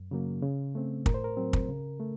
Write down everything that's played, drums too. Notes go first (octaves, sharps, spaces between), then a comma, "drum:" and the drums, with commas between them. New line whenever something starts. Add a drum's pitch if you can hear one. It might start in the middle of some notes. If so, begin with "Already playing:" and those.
Already playing: F#2
C#3 F#3 A#3
C#3
A3 C4
A2 A#4, drum: kick
C5
A#4
F#3 C4
drum: kick
C#3
A3